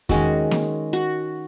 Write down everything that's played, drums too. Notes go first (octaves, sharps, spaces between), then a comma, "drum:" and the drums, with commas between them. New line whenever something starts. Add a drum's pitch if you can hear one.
D#3 G#3 C#4 F#4, drum: kick E2, hi-hat
drum: snare A#3
F#4, drum: hi-hat